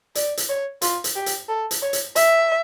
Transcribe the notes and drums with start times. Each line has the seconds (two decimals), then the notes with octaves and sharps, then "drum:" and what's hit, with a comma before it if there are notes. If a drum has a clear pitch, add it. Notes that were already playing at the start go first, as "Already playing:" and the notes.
0.15 D5, drum: hi-hat
0.37 drum: hi-hat
0.49 C#5
0.82 F4, drum: hi-hat
1.04 drum: hi-hat
1.16 G4
1.26 drum: hi-hat
1.48 A4
1.71 drum: hi-hat
1.82 C#5
1.93 drum: hi-hat
2.16 E5, drum: hi-hat